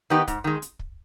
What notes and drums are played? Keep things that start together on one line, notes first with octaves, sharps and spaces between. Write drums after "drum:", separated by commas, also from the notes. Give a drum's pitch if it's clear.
D#3 B3 D#4 G4
G#2, drum: kick, hi-hat
D#3 G#3
drum: hi-hat
drum: kick